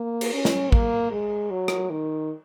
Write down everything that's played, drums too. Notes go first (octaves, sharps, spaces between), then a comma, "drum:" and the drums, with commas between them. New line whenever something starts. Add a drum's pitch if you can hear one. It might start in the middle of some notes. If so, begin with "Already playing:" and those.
Already playing: A#3
drum: cymbal
C#4
drum: snare
A#3, drum: kick
G#3
F#3
drum: rim click
D#3